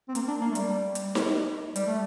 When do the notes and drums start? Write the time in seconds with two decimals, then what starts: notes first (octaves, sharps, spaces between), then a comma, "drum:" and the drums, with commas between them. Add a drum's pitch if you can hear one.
0.08 C4
0.15 A#3, drum: hi-hat
0.28 D4
0.41 A#3
0.51 A3
0.55 G3, drum: hi-hat
0.95 drum: hi-hat
1.15 drum: snare D#4
1.76 G3, drum: hi-hat
1.87 A3